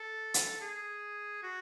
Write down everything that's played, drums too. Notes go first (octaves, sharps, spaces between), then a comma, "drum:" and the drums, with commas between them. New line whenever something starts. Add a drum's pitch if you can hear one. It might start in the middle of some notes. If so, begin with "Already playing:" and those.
Already playing: A4
drum: hi-hat
G#4
F#4